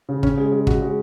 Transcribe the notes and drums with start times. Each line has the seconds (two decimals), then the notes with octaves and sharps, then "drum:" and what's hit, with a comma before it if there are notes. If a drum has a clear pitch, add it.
0.09 C#3
0.23 C#4, drum: kick
0.37 G#3
0.52 G#3
0.67 F#4, drum: kick
0.82 G#3